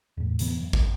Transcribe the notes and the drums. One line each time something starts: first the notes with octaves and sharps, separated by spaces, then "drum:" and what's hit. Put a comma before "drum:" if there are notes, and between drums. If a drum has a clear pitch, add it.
E2 A2
E2 C3 E3 B3, drum: hi-hat
F#2
drum: kick